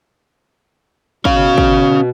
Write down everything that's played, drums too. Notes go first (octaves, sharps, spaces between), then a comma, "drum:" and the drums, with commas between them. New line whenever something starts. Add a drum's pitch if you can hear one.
B2 C#4 F5, drum: kick
drum: kick